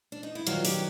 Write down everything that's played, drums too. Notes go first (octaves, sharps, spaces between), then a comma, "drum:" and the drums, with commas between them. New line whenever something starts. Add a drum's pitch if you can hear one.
D4
D#4
E4
G2 D#3 F#3 F4, drum: hi-hat
G4, drum: open hi-hat